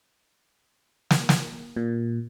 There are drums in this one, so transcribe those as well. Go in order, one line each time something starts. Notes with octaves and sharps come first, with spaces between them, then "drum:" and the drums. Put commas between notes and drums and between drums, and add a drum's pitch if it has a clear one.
drum: snare
drum: snare
A#2